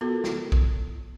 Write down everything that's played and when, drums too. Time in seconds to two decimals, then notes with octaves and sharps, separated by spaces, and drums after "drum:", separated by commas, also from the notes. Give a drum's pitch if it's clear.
0.01 B3 F4 F#4 A4 A#4
0.24 drum: snare
0.52 drum: kick